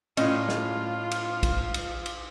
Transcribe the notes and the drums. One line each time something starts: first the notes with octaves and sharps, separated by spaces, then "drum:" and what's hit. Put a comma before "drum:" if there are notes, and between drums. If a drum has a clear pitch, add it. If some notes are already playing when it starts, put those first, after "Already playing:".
A2 C#4 F4 D#5, drum: cymbal
drum: snare
drum: cymbal
drum: kick, cymbal
drum: cymbal
drum: cymbal